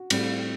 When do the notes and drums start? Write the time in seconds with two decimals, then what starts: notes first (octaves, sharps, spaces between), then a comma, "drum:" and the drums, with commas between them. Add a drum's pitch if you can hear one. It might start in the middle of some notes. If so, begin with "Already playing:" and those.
Already playing: F#4
0.10 A2 G3 C4, drum: cymbal